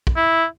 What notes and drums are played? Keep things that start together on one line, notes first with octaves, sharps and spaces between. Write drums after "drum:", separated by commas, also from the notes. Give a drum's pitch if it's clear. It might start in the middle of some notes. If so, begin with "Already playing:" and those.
drum: kick
E4